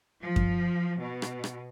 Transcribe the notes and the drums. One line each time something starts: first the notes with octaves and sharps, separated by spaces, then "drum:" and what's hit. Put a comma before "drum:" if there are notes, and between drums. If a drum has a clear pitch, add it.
F3
drum: kick F#2
B2
drum: rim click
drum: rim click